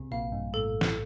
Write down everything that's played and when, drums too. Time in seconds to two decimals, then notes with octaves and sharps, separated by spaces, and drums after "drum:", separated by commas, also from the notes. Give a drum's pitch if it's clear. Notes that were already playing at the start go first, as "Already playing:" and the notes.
Already playing: C2 C3
0.11 A#1 A#2 F5
0.32 G2
0.53 A2 A4
0.81 drum: snare